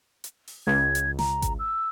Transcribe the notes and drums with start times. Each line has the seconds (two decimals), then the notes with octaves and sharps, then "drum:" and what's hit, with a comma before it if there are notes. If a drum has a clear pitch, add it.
0.24 drum: hi-hat
0.47 drum: open hi-hat
0.67 C#2 G#6
0.95 drum: hi-hat
1.19 A#5, drum: snare
1.42 drum: kick G#1, hi-hat
1.59 E6